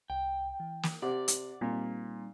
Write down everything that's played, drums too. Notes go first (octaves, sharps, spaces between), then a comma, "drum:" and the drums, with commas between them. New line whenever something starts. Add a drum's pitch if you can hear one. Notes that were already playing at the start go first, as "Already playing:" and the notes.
C2 G5
E3
drum: snare
C3 D5 F#5 D6
drum: hi-hat
A#2 G3 C4 D#4